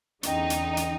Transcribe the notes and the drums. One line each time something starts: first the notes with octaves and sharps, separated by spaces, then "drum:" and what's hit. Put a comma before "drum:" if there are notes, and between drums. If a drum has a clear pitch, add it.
E2 D3 C#4 D#4 G5, drum: hi-hat
drum: hi-hat
drum: hi-hat